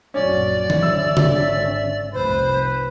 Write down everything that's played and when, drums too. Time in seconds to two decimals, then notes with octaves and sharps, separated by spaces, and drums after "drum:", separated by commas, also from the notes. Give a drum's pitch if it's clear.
0.14 A#1 F#2 F#3 C#4 D5
0.70 drum: tom
0.82 G#1 D3 C#4 E5 E6
1.17 drum: tom
2.14 F1 C2 B4 C5